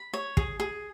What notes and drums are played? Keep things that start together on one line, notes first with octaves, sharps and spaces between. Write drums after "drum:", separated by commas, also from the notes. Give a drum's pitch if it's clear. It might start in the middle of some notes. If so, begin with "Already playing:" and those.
Already playing: B5
C#5
G#4, drum: kick
G#4